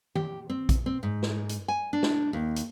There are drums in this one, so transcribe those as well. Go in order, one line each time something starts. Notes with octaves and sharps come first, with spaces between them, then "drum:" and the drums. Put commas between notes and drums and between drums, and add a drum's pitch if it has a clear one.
G4, drum: tom D#3
C4
drum: kick A#1, hi-hat
C4
G#2
drum: snare
drum: hi-hat
G#5
D4
drum: snare
D#2
drum: hi-hat